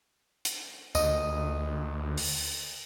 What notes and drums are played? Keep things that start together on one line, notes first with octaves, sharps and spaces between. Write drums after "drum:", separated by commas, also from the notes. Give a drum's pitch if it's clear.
drum: hi-hat
D2 D#5, drum: tambourine
drum: open hi-hat